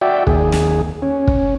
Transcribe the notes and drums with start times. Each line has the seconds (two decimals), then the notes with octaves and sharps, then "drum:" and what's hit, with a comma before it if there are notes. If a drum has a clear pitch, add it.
0.01 F#4 D5 E5 G5
0.27 D#2 G#4, drum: kick
0.52 drum: snare
1.02 C#4
1.27 drum: kick